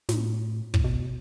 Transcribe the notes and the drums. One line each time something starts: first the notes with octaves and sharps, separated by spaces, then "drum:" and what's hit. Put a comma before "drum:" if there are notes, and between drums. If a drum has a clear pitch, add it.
A2, drum: snare
A2, drum: kick
B2